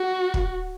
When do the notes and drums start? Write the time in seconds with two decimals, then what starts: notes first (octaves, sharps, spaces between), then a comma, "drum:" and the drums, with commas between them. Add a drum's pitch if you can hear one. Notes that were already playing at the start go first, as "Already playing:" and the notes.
Already playing: F#4
0.34 drum: kick